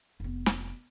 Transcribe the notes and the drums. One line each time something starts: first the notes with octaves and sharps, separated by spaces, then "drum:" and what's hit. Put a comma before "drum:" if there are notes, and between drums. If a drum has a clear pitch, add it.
F1 B3
drum: snare